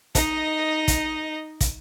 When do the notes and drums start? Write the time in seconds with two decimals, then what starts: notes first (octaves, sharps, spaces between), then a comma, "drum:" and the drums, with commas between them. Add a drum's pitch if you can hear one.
0.15 D#4 D#5, drum: kick, hi-hat
0.88 drum: kick, hi-hat
1.61 drum: kick, hi-hat